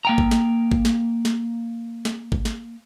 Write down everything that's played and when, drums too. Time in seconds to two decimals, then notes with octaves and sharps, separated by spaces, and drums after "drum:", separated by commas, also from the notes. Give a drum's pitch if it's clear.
0.05 A#3 G5 A#5
0.18 drum: kick G#1
0.31 drum: snare
0.72 drum: kick G#1
0.85 drum: snare
1.25 drum: snare
2.05 drum: snare
2.32 drum: kick G#1
2.45 drum: snare